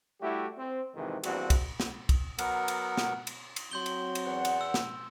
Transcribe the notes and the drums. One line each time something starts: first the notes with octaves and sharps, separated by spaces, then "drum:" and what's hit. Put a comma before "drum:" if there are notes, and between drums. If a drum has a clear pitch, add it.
G3 A3 E4 F#4 G4
C4
F2 G#2 C3 D#3 E3
A#1 E2 G2 C4 F#4, drum: cymbal
drum: kick, cymbal
drum: snare
drum: kick, cymbal
F#3 B3 A#4 F#5, drum: cymbal
drum: cymbal
drum: snare
drum: cymbal
drum: cymbal
F#3 C4 C6 G6 G7
drum: cymbal
drum: cymbal
E2 F#5
drum: cymbal
E6
drum: snare